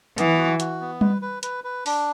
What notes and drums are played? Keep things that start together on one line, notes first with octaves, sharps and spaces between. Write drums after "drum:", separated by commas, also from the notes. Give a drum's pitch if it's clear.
E3 B3, drum: hi-hat
F#4
F#4, drum: hi-hat
B3
B4, drum: tom G3
B4
B4, drum: hi-hat
B4
D4, drum: open hi-hat